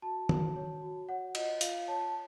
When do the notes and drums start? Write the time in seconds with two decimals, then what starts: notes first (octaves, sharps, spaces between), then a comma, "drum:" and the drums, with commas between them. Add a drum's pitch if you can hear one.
0.02 F#4 A5
0.29 F#4, drum: tom
0.56 C#5
0.82 F#4
1.09 C#5 F#5
1.35 F4 D#5, drum: cymbal
1.61 F4 F5, drum: hi-hat
1.88 C#5 A5
2.01 A5